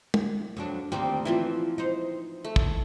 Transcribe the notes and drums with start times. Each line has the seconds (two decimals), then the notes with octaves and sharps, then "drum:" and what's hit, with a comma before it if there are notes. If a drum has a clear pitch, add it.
0.14 drum: tom
0.57 F2 F#3 D4
0.92 D2 D#3 G3 A#3 C4
1.25 E3 F3 C4 E4
1.78 D#4 C5
2.45 A3
2.56 drum: kick